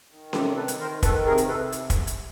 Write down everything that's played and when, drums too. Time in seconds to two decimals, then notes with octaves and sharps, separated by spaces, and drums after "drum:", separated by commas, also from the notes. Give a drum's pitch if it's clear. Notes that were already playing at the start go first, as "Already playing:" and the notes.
0.11 D#3
0.33 C3 G4 A4, drum: snare C#4
0.56 D#3 A4 B4
0.68 drum: hi-hat
0.80 D#3 A#4 C5
1.03 D#3 A4 B4, drum: kick, hi-hat
1.26 C3 G#4 A#4
1.38 drum: hi-hat
1.49 C3 A4 B4
1.72 drum: hi-hat
1.90 drum: kick, hi-hat
2.07 drum: hi-hat